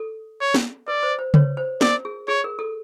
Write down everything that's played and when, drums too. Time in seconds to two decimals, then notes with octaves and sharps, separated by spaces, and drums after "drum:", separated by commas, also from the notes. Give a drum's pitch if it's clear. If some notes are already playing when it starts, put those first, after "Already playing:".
Already playing: A4
0.41 C#5
0.54 drum: snare
0.88 B4 D5
1.03 C5
1.19 C5
1.34 B4 C#5, drum: tom C#3
1.57 C5
1.81 A#4 D5, drum: snare
2.05 G#4
2.28 G#4 C#5
2.44 A#4
2.59 A4